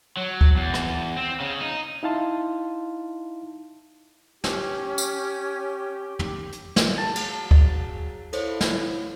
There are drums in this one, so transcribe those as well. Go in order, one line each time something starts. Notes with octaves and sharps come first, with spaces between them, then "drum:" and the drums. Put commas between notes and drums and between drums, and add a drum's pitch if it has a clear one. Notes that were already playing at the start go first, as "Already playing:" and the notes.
F#3
drum: kick D2
E2
drum: rim click
C4
C#3
D#4
D#4 E4 F5 A5 C6
C#4 G4, drum: snare
drum: tambourine
drum: tom
drum: hi-hat
drum: snare
F#3 G#4 A5
drum: cymbal
drum: kick D2
E4 A4 C5 C#5, drum: cymbal
drum: snare